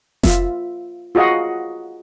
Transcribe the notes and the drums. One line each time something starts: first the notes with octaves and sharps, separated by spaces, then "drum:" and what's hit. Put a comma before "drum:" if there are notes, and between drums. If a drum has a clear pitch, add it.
F4 E5, drum: snare F1
F4 F#4 G#4 D#5 F5 F#5